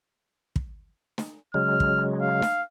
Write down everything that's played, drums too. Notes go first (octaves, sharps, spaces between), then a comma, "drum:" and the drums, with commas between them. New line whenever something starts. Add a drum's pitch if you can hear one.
drum: kick
drum: snare
C#3 F#3 G#3 F6
drum: kick
F5
drum: snare